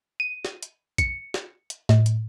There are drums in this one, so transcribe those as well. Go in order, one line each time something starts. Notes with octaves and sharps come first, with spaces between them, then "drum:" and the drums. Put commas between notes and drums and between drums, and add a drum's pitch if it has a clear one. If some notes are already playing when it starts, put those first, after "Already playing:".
D#7
drum: snare
drum: hi-hat
C#7, drum: kick A#1, hi-hat
drum: snare
drum: hi-hat
A2, drum: snare
drum: hi-hat